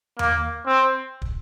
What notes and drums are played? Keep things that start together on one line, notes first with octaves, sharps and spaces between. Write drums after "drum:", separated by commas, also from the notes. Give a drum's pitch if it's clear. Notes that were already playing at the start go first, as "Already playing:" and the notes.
A#3, drum: tom E2
C4
drum: kick